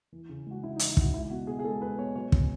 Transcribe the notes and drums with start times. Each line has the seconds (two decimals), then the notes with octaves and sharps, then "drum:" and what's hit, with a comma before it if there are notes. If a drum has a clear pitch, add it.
0.12 E3
0.29 C#3
0.46 G#3 F#4
0.63 C#3 E4
0.76 D#4
0.79 E3, drum: hi-hat
0.89 E4
0.97 C#3 F#4, drum: kick
1.14 G#3 E4
1.30 B2 F#4
1.47 B2 G#4
1.59 G#4
1.64 G#3 A4
1.82 G#3 B4
1.98 B2 C#5
2.15 F#3 C#5
2.32 C#3, drum: kick